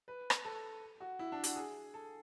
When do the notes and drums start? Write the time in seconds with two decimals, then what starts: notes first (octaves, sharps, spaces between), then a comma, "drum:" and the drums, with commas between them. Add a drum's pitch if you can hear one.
0.08 B4
0.30 drum: rim click
0.45 A4
1.00 F#4
1.19 E4
1.32 D4
1.44 F#4, drum: hi-hat
1.56 G#4
1.94 A4